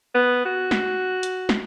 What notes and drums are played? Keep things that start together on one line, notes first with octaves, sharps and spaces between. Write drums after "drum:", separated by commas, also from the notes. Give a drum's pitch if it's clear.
B3
F#4
drum: snare
drum: hi-hat
drum: snare